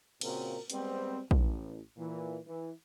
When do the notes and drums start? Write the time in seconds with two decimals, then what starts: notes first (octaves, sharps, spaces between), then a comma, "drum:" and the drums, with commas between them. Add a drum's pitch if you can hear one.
0.21 A#2 C#3 C4 F#4 A#4, drum: cymbal
0.70 G3 G#3 B3 C4, drum: hi-hat
1.31 A1, drum: kick A#1
1.97 A#2 E3
2.47 E3